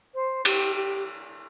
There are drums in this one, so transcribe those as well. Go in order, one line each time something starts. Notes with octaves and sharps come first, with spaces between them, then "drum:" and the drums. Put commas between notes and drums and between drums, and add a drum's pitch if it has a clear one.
C5
G4, drum: cymbal
G4